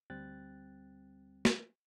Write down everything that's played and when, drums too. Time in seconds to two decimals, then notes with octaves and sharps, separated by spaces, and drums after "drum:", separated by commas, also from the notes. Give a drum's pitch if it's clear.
0.10 D2 G3 C4 G5 F#6 A6
1.45 drum: snare